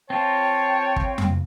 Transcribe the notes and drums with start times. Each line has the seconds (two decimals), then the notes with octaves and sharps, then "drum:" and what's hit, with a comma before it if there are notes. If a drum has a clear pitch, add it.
0.10 C4 F4 C#5 G5 A5
0.96 drum: kick
1.18 drum: tom F2